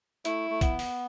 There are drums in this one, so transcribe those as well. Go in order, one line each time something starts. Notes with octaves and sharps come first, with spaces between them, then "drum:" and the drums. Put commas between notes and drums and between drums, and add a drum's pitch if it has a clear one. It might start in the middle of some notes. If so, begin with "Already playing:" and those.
A3 E4, drum: hi-hat
A3
B3, drum: kick, hi-hat
drum: open hi-hat